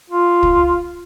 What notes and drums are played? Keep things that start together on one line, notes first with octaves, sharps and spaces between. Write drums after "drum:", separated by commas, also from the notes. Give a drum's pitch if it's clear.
F4
drum: kick